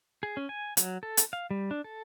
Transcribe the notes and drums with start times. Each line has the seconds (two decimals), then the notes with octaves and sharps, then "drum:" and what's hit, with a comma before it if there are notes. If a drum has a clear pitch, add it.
0.23 G#4
0.37 C#4
0.49 G#5
0.77 F#3, drum: hi-hat
1.03 A4
1.17 drum: hi-hat
1.33 F5
1.51 G3
1.71 D4
1.84 A4